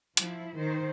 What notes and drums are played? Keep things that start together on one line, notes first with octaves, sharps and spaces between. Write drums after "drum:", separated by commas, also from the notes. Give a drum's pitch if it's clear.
F3 E4, drum: hi-hat
D#3 C5